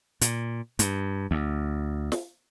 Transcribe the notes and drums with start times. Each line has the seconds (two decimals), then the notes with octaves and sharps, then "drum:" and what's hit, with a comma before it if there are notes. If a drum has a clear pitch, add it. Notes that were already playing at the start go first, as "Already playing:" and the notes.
0.21 A#2, drum: hi-hat
0.79 G2, drum: hi-hat
1.31 D2
2.12 drum: snare